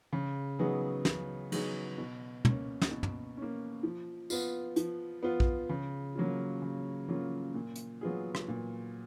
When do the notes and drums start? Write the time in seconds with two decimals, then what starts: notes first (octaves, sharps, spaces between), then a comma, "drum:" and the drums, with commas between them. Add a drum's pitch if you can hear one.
0.13 C#3
0.59 F#3 B3 D#4 G#4
1.05 C#3, drum: snare
1.52 F#3 B3 D#4 G#4, drum: cymbal
1.98 B2
2.45 A#3 C#4, drum: tom
2.81 drum: snare
2.91 B2
3.03 drum: tom
3.37 A#3 C#4
3.83 F3
4.30 B3 F4, drum: tambourine
4.76 F3, drum: hi-hat
5.23 B3 F4
5.40 drum: kick A#1
5.69 C#3
6.15 F#3 A#3 C#4 F4
6.62 C#3
7.08 F#3 A#3 C#4 F4
7.54 A#2
7.76 drum: hi-hat
8.01 F#3 B3 F4 G#4
8.35 drum: rim click
8.48 A#2